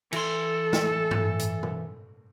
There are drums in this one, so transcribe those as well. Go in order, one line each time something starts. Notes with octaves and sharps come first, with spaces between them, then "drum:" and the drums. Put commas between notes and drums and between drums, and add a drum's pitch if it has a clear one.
E3 A4 C6, drum: cymbal
drum: snare
drum: tom G2
drum: hi-hat
drum: tom B2